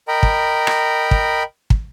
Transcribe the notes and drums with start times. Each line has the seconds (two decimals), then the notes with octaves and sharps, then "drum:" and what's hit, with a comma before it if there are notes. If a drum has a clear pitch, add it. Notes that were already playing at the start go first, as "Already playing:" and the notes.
0.08 A#4 D#5 G5 A#5 B5
0.23 drum: kick
0.67 drum: rim click
1.11 drum: kick
1.70 drum: kick